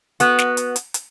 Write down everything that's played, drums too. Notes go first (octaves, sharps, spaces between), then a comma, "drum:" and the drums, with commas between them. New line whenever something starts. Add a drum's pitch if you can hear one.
B3 F#4, drum: hi-hat
drum: snare
drum: hi-hat
drum: hi-hat
drum: hi-hat